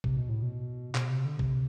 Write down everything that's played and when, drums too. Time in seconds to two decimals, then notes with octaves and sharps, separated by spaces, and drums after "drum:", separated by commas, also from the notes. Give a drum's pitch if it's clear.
0.04 C3, drum: kick A#1
0.17 B2
0.29 A2
0.42 B2
0.95 B2, drum: clap
1.10 C3
1.25 D3
1.39 C3, drum: kick A#1